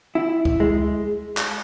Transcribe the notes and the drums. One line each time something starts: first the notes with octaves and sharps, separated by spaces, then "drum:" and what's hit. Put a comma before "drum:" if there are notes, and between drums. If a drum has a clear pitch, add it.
E4
drum: kick C#2
G#3
drum: clap